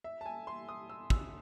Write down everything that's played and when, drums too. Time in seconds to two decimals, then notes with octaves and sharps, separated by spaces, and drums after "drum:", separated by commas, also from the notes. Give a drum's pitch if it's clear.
0.04 E5
0.21 A5
0.26 G#5
0.47 C6
0.69 D#6
0.89 E6
1.10 E6, drum: kick